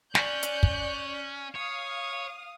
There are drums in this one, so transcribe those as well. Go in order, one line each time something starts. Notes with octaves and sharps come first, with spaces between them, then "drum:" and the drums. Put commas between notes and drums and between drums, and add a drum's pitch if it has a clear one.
C#4 D5 F#6 G6, drum: snare
drum: hi-hat
drum: kick
C#5 F5 D#6